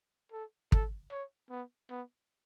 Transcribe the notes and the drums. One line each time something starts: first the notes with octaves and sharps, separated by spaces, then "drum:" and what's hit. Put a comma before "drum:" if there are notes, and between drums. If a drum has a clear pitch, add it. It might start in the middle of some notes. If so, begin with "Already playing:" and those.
A4
A4, drum: kick
C#5
B3
B3